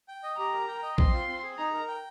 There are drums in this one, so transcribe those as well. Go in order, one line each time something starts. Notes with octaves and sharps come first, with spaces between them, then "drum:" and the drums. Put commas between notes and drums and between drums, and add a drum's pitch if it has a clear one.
G5
D#5
G4 A#5
A#4
G5
D#5
C4 C6, drum: kick A#1
F4
C4
G#4
D#4 A#5
A#4
G5